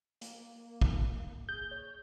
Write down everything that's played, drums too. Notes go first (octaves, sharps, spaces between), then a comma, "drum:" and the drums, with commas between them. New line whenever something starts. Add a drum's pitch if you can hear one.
A#3, drum: hi-hat
drum: kick
G#4 G6
C#5